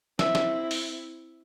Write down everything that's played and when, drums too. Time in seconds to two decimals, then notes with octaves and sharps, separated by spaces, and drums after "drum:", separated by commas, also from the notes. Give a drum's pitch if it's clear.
0.19 C4 E4 E5, drum: snare
0.35 drum: snare
0.71 drum: open hi-hat